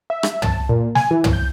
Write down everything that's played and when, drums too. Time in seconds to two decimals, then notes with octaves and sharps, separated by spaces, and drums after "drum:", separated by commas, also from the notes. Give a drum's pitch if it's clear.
0.10 E5
0.23 drum: rim click
0.42 A5, drum: tom
0.69 A#2
0.95 G#5, drum: snare
1.11 E3
1.24 drum: tom
1.33 G6